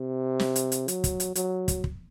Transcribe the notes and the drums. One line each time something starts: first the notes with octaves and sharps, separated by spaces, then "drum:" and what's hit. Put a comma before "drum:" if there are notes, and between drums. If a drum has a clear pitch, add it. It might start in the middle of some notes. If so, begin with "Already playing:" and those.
Already playing: C3
drum: snare
drum: hi-hat
drum: hi-hat
F#3, drum: hi-hat
drum: kick, hi-hat
drum: hi-hat
F#3, drum: hi-hat
drum: kick, hi-hat
drum: kick